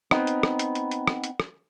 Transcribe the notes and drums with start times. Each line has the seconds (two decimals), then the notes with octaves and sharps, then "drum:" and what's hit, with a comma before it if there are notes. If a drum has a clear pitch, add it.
0.11 B3 C4 D#4, drum: rim click
0.27 drum: hi-hat
0.43 drum: rim click
0.59 drum: hi-hat
0.75 drum: hi-hat
0.91 drum: hi-hat
1.08 drum: rim click
1.24 drum: hi-hat
1.40 drum: rim click